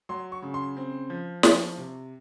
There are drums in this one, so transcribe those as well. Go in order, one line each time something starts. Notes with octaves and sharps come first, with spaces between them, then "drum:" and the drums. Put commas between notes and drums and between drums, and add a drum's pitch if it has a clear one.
F#3 C6
C#6
C#3
C6
C4
F3
F3 C#6, drum: snare
C3